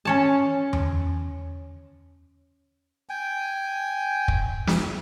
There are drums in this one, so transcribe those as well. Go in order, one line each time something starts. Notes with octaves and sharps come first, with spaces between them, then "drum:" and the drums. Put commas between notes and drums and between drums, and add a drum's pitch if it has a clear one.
C#4 C#5 A5
drum: tom E2
G5 G#5
drum: kick
drum: snare